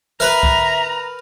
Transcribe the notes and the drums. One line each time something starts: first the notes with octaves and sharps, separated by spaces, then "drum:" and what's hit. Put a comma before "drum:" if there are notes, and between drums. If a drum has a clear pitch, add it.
A#4 B4 E5 A#5
drum: kick C#2